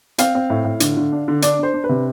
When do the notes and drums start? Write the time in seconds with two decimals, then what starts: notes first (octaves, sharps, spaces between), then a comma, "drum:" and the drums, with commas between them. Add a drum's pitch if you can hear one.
0.18 C4 F5, drum: hi-hat
0.35 C4
0.50 A2
0.65 A2
0.80 D3, drum: hi-hat
0.97 D3
1.12 D4
1.28 D3
1.42 D4 D5, drum: hi-hat
1.59 D4 C5
1.74 D4
1.84 B4
1.89 C3